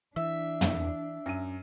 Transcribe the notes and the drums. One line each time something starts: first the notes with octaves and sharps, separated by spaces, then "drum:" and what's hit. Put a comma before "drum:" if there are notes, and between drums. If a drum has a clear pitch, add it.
E3 D4 E5
drum: tom
F#2 D#7